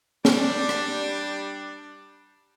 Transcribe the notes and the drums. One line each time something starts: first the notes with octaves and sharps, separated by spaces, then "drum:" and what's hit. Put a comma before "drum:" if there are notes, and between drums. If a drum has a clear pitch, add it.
G3 D4, drum: snare
drum: rim click